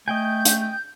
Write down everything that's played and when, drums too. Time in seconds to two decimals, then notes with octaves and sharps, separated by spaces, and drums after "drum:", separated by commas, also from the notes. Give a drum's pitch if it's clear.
0.08 A3 D#5 G5 G#5 G6
0.45 drum: hi-hat